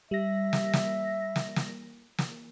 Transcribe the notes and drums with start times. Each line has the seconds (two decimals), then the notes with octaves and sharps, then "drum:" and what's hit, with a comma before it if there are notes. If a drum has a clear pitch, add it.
0.11 G3 E5 A#6
0.53 drum: snare
0.73 drum: snare
1.36 drum: snare
1.56 drum: snare
2.19 drum: snare